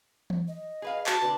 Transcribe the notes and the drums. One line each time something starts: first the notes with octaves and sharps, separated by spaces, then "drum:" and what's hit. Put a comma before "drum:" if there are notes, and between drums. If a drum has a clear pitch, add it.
drum: tom
D#5
G#4 B4 F5
F#4 A5, drum: clap
D3 D4 B4